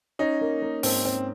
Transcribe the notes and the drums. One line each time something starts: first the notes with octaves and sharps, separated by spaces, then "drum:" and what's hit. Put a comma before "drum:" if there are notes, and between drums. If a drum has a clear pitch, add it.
C#4 D#4
A#3
A#3
G#2 C4, drum: open hi-hat
C4 C#4